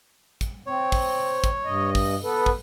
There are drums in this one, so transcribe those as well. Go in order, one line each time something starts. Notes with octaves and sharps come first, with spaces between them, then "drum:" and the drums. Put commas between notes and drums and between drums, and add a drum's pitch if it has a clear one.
drum: kick, hi-hat
C4 C#5
drum: kick, open hi-hat
drum: kick, hi-hat
G2 D#5
drum: kick, open hi-hat
B3 A4 B4
drum: kick